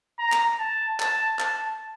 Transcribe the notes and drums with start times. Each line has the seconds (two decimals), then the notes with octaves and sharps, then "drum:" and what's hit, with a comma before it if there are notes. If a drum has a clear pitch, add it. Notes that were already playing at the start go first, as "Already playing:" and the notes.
0.19 A#5
0.32 drum: clap
0.59 A5
1.00 A5, drum: clap
1.39 A5, drum: clap